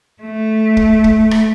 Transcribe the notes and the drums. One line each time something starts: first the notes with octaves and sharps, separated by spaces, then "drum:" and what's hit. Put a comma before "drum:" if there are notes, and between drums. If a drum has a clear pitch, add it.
A3
drum: kick
drum: kick
drum: rim click